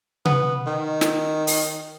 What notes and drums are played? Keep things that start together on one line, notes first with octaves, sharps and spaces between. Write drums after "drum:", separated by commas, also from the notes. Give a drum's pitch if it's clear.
B3, drum: tom C3
D#3
drum: snare
drum: open hi-hat